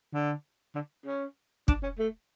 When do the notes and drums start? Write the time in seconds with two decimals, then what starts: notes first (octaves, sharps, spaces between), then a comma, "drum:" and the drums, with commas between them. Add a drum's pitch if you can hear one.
0.14 D3
0.75 D3
1.06 C#4
1.68 D4, drum: kick
1.83 C#4
1.98 A3